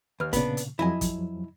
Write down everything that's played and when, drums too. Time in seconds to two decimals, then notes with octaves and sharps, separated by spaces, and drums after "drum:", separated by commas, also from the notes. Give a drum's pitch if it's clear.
0.20 D#2 B4 F6
0.33 A#2 C#3 B3 D4, drum: kick, hi-hat
0.57 drum: hi-hat
0.79 F2 F3 F#3 E4 D#5 G#5
1.01 drum: kick, hi-hat